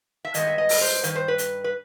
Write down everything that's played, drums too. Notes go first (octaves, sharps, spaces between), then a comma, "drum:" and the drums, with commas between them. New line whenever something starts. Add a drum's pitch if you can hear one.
E5
G2 D#3 G#3 B3 D#5, drum: hi-hat
E5
D#5
drum: open hi-hat
C5
G2 D#3 B4, drum: hi-hat
C5
B4
drum: hi-hat
B4